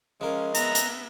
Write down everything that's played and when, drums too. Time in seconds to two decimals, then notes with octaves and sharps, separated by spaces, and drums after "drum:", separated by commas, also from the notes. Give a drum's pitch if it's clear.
0.21 F3 G#3 C#4 A#4
0.55 B3 E5 A#5, drum: hi-hat
0.75 drum: hi-hat